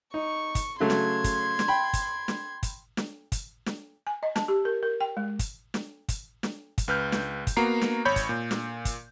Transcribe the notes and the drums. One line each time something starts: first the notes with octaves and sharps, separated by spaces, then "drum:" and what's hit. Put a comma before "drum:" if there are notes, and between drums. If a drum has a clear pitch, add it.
D#4 C#6
drum: kick, hi-hat
C#3 F#3 A3 C6 G#6
drum: snare
drum: kick, hi-hat
drum: snare
G5 B5
drum: kick, hi-hat
drum: snare
drum: kick, hi-hat
drum: snare
drum: kick, hi-hat
drum: snare
G#5
D#5
A5, drum: snare
G4
A#4
A#4
G5
G#3
drum: kick, hi-hat
drum: snare
drum: kick, hi-hat
drum: snare
drum: kick, hi-hat
C#2 B4 F6 G6
drum: snare
drum: kick, hi-hat
A#3 B3 F#4 A#5 C7
drum: snare
G#1 C#5 B5 G6
drum: kick, hi-hat
A#2
drum: snare
drum: kick, hi-hat